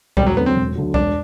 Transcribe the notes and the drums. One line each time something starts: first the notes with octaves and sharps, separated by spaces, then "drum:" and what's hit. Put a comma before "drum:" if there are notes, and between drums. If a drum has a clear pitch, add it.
E1 G3, drum: kick C2
F#3
D2 D3 F#3 B3
C4
E1
D2 D3 F#3
E1 D4, drum: kick C2